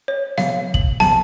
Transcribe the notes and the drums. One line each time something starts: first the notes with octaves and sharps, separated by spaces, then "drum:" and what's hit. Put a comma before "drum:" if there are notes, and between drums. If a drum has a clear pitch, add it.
C#5
F5, drum: snare B3
F#7, drum: kick
A5, drum: snare B3